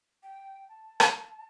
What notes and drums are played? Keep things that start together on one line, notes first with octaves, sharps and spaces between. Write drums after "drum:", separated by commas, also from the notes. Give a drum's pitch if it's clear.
G5
A5
drum: rim click